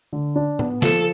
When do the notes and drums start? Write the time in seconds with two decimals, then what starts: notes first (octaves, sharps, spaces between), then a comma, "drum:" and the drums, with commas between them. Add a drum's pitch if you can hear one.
0.13 D3
0.36 D4
0.59 B3, drum: tom A2
0.82 F3 A4, drum: snare